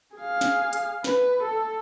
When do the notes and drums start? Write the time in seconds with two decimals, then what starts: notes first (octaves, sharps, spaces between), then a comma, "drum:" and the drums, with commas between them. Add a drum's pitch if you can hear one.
0.17 G#4 F5
0.41 drum: snare
0.73 drum: hi-hat
1.04 B4, drum: snare
1.43 A4